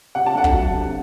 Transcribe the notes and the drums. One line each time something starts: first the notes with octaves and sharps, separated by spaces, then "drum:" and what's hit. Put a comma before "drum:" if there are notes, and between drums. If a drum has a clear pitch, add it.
C3 F#5
A5
A3 F#5
drum: kick
F#3
C3